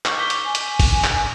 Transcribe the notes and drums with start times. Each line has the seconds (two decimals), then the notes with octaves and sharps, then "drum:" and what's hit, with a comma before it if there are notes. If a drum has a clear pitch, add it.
0.05 C#6 D6 G6, drum: clap
0.19 D6 B6 G7
0.30 drum: hi-hat
0.46 G#5
0.55 drum: hi-hat
0.79 drum: kick, open hi-hat
1.04 drum: clap